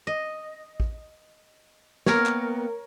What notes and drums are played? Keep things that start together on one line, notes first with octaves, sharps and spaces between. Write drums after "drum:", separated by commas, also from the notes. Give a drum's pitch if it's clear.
D#5
drum: kick A1
A#3 B3 A#4 C#5 G5, drum: snare
drum: clap